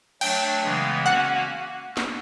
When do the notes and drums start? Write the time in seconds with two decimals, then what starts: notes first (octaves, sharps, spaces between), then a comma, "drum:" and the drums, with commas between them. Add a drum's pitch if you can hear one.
0.21 F#3 A3 D4 G5, drum: cymbal
0.63 C#3 E3 G#3 B3
1.05 A#3 C#4 F#4 F#5
1.97 drum: snare